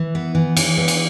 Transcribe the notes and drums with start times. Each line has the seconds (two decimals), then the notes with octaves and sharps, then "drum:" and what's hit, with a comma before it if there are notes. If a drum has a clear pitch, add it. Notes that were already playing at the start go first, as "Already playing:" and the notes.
Already playing: E3
0.15 B3
0.35 E3
0.57 E3, drum: cymbal
0.78 B3
0.88 drum: cymbal